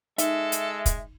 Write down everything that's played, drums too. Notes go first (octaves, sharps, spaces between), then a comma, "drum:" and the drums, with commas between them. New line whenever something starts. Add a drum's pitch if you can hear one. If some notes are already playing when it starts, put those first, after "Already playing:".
G#3 D#4 A4 E5, drum: hi-hat
drum: hi-hat
drum: kick, hi-hat